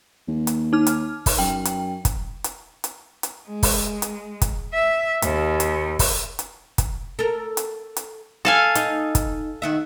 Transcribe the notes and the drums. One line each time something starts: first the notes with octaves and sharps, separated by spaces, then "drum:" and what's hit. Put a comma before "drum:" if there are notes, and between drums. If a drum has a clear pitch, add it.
D#2
drum: hi-hat
D#4 F6
drum: hi-hat
drum: kick, open hi-hat
F#2 G5
drum: hi-hat
drum: kick, hi-hat
drum: hi-hat
drum: hi-hat
drum: hi-hat
G#3
drum: kick, open hi-hat
drum: hi-hat
drum: kick, hi-hat
E5
D#2, drum: hi-hat
drum: hi-hat
drum: kick, open hi-hat
drum: hi-hat
drum: kick, hi-hat
A4 A#4
drum: hi-hat
drum: hi-hat
A4 F5 G#5
D#4, drum: hi-hat
drum: kick, hi-hat
D#3 F#4 E5